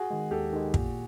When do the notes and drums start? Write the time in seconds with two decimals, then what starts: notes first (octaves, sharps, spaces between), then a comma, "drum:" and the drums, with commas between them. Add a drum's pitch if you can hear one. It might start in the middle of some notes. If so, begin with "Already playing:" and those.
Already playing: F#4 G#4
0.11 D#3 G#3
0.31 D#2 G4 A4
0.53 D#3 G#3
0.74 A#2, drum: kick